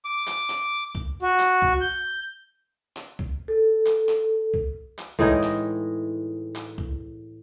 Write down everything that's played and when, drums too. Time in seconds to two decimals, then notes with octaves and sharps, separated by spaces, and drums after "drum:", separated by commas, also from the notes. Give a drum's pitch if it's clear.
0.05 D6
0.27 drum: clap
0.50 drum: clap
0.95 drum: kick C2
1.22 F#4
1.40 drum: clap
1.62 drum: kick C2
1.81 G6
2.97 drum: clap
3.19 drum: kick C2
3.48 A4
3.86 drum: clap
4.09 drum: clap
4.54 drum: kick C2
4.99 drum: clap
5.19 A2 E3 G#3 D#4, drum: kick C2
5.43 drum: clap
6.56 drum: clap
6.78 drum: kick C2